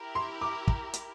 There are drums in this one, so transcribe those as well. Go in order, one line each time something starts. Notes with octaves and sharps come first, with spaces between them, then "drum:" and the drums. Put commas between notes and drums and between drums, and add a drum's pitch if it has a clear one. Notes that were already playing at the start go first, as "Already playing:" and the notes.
Already playing: E4 G4 A#4
C6
D6
drum: kick
drum: hi-hat